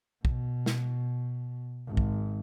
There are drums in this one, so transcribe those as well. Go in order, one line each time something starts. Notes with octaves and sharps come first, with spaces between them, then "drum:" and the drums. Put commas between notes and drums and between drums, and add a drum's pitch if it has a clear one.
B2, drum: kick
drum: snare
G#1
drum: kick